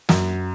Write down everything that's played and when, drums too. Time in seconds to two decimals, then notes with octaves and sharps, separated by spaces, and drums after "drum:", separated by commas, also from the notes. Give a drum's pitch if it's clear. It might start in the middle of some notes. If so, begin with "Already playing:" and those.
0.09 F#2, drum: snare